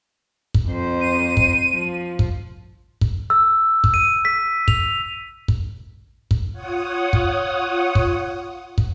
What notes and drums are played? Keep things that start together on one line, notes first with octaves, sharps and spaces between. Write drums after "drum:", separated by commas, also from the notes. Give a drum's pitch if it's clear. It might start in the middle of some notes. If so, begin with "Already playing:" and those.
drum: kick
F2 C5
D#7
drum: kick
F3
drum: kick
drum: kick
E6
drum: kick
D#7
B6
F7, drum: kick
drum: kick
drum: kick
F4 C#5 F#5 D#6
drum: kick
drum: kick
drum: kick